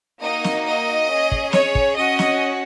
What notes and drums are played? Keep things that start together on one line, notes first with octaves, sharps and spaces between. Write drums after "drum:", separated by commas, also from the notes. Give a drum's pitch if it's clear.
A#3 D#4 F#4 D#5
drum: snare
D#5
C#4 G#4
drum: kick
C#5, drum: snare
drum: kick
C#4 F#4 D#5
drum: snare